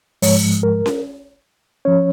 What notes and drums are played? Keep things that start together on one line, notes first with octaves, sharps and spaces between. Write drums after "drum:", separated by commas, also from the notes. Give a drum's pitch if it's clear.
G#2 F3 G#3 C#5, drum: open hi-hat
A#4
drum: snare C#4
F3 C#4 C#5